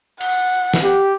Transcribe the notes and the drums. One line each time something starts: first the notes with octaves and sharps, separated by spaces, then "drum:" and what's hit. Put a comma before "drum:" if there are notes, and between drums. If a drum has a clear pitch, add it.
F#5, drum: cymbal
drum: snare
G4